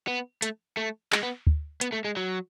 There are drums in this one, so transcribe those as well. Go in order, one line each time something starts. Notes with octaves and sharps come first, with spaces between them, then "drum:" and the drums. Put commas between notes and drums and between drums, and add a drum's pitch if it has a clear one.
B3
A3, drum: hi-hat
A3
G#3, drum: clap
B3
drum: kick
B3, drum: hi-hat
A3
G#3
F#3